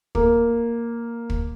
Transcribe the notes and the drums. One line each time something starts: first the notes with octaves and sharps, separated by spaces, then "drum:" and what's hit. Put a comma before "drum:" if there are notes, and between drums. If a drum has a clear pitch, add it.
A#3, drum: kick
drum: kick